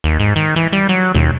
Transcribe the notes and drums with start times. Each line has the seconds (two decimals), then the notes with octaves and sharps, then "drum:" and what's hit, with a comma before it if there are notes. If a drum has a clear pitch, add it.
0.04 D#2
0.20 G#2
0.36 D#3
0.56 E3
0.73 G3
0.89 F#3
1.14 D#2, drum: tom B2